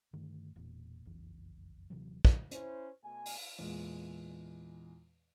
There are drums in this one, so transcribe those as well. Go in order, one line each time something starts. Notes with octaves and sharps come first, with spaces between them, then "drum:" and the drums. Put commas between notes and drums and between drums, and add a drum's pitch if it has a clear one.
G2 D3 D#3 A3
E1 A#2
F#1 B1 F2 E3
D#1 C3 E3 F#3
drum: kick
C#4 E4 C5, drum: hi-hat
B2 A3 G#5
drum: open hi-hat
E2 A#2 G#3